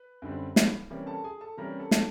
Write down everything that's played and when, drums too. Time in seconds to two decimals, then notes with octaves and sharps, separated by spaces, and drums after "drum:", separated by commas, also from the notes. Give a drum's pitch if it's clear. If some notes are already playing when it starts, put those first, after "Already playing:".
Already playing: B4 B5
0.22 F#2 D3 G3 C4
0.56 drum: snare
0.90 C3 E3 G3 A#3 C#4
1.06 A4 A5
1.24 G#4 G#5
1.41 A4 A5
1.57 C3 E3 G3 A#3 C#4 A#4 A#5
1.80 A4 A5
1.91 drum: snare